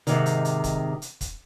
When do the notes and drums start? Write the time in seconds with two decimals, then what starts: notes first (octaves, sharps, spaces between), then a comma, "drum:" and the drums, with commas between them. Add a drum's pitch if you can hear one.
0.07 G#2 C3 D#3, drum: hi-hat
0.26 drum: hi-hat
0.45 drum: hi-hat
0.64 drum: kick, hi-hat
1.02 drum: hi-hat
1.21 drum: kick, hi-hat